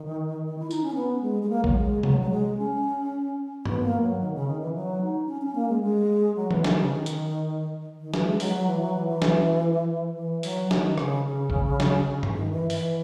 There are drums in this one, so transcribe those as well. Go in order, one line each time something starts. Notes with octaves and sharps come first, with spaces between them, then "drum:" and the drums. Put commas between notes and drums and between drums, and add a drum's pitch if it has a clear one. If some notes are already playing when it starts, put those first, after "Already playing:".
Already playing: D#3
E4
D#4, drum: tambourine
C#4
B3
G#3
G#3
A#3
F#3, drum: kick A#1
G#3
F#3, drum: tom C3
F#3
G#3
C#4
B3, drum: tom G2
A#3
F#3
D#3
C#3
D#3
E3
F#3
D#4
C#4
C#4
A#3
G#3
G#3
F#3
E3, drum: tom D#3
D#3, drum: snare
C#3
D#3
drum: hi-hat
D#3
E3, drum: snare
G#3
F#3, drum: open hi-hat
F#3
E3
F#3
E3
E3
drum: snare
E3
F#3, drum: open hi-hat
D#3, drum: snare
C#3, drum: rim click
C#3
drum: kick A#1
drum: snare
drum: tom G2
D#3
E3
E3, drum: open hi-hat